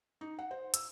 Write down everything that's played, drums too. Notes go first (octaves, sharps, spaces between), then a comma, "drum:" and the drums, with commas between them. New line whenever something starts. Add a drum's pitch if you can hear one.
D#4
F#5
C5
E6, drum: hi-hat